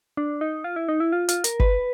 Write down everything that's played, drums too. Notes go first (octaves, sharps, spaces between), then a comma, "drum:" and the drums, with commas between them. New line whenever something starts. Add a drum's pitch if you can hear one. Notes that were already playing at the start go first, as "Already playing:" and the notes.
D4
D#4
F4
E4
D#4
E4
F4
F4, drum: hi-hat
A#4, drum: hi-hat
B4, drum: kick G1